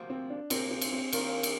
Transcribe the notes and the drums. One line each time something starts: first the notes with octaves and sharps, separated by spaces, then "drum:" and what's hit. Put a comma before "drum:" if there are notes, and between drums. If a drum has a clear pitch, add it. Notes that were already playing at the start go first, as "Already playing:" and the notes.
Already playing: D2 C3 F3 A#3
C4
D4
D2 C3 F3 A#3 C4, drum: cymbal
C4
drum: cymbal
C4
D#3 A#3 F4 A#4, drum: cymbal
drum: cymbal